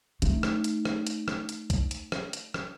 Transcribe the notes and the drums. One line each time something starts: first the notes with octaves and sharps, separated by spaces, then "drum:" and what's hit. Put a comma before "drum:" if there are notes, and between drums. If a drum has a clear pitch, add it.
A3 D#4, drum: hi-hat
drum: rim click
drum: hi-hat
drum: rim click
drum: hi-hat
drum: rim click
drum: hi-hat
drum: kick, hi-hat
drum: hi-hat
drum: rim click
drum: hi-hat
drum: rim click